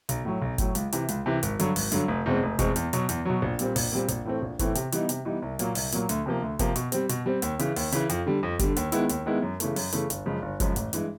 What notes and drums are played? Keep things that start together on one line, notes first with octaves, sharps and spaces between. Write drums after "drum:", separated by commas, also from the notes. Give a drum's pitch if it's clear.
B1, drum: hi-hat
A2 F#3
B1
A2 F#3, drum: kick F#1, hi-hat
C#2, drum: hi-hat
C3 E3, drum: hi-hat
C#2, drum: hi-hat
C3 E3
G#1, drum: hi-hat
G2 D3 F#3, drum: hi-hat
G#1, drum: open hi-hat
G2 D3 F#3, drum: hi-hat
F1
E2 B2 G#3 C4
F1
E2 B2 G#3 C4, drum: kick F#1, hi-hat
E2, drum: hi-hat
B2 F#3, drum: hi-hat
E2, drum: hi-hat
B2 F#3
A#1
A#2 G3 C4, drum: hi-hat
A#1, drum: open hi-hat
A#2 G3 C4
A#1, drum: hi-hat
A2 E3 A3 C4
A#1
A2 E3 A3 C4, drum: kick F#1, hi-hat
C3, drum: hi-hat
E3 G3 B3 D#4, drum: hi-hat
C3, drum: hi-hat
E3 G3 B3 D#4
C2
A#2 F#3 A#3, drum: hi-hat
C2, drum: open hi-hat
A#2 F#3 A#3, drum: hi-hat
D2, drum: hi-hat
C3 F3 A#3
D2
C3 F3 A#3, drum: kick F#1, hi-hat
B2, drum: hi-hat
G3 C4, drum: hi-hat
B2, drum: hi-hat
G3 C4
D#2, drum: hi-hat
C#3 E3, drum: hi-hat
D#2, drum: open hi-hat
C#3 E3, drum: hi-hat
F2, drum: hi-hat
D3 G3
F2
D3 G3, drum: kick F#1, hi-hat
D#2, drum: hi-hat
D#3 G#3 B3 E4, drum: hi-hat
D#2, drum: hi-hat
D#3 G#3 B3 E4
F#2
C#3 E3 A3, drum: hi-hat
F#2, drum: open hi-hat
C#3 E3 A3, drum: hi-hat
G1, drum: hi-hat
F#2 C#3 F3 G#3
G1
F#2 C#3 F3 G#3, drum: kick F#1, hi-hat
A1, drum: hi-hat
G2 E3 G#3, drum: hi-hat